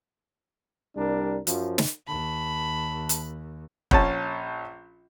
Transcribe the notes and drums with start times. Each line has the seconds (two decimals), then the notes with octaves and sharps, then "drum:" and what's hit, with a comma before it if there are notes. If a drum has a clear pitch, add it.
0.97 C2 G3 D4 A#4
1.47 F#2 F3, drum: hi-hat
1.78 drum: snare
2.07 D#2 A5 B5
3.09 drum: hi-hat
3.91 A#1 C#4 A5, drum: kick